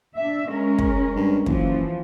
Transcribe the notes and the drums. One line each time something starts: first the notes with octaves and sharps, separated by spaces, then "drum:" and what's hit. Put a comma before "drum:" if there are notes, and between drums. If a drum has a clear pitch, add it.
D4 E5
G#3 C#4 A#4
drum: kick
G2
F#1 E3 F3, drum: kick